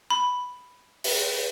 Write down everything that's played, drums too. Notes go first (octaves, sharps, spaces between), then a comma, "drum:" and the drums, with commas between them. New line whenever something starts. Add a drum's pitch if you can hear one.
B5
drum: open hi-hat